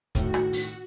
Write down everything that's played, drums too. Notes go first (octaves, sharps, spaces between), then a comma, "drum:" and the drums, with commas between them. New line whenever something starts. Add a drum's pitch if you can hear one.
A2 D#3 A3 F#4, drum: kick, hi-hat
drum: rim click
drum: open hi-hat